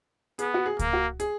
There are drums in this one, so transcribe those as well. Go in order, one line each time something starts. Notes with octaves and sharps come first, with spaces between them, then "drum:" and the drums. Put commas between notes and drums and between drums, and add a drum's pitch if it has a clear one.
B3 G#4, drum: hi-hat
F#4
G#4
A#3, drum: kick C#2, hi-hat
F#4
G#4, drum: hi-hat